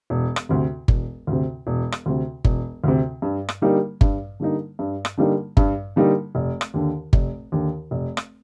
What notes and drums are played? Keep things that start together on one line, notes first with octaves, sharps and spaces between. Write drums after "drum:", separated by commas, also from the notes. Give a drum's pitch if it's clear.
E1
drum: rim click
D2 C3
E1, drum: kick G1
D2 C3
E1
drum: rim click
D2 C3
E1, drum: kick G1
D2 C3
G2
drum: rim click
D3 G3 A#3 D#4
G2, drum: kick G1
D3 G3 A#3 D#4
G2
drum: rim click
D3 G3 A#3 D#4
G2, drum: kick G1
D3 G3 A#3 D#4
F1
drum: rim click
D#2 D3
F1, drum: kick G1
D#2 D3
F1
drum: rim click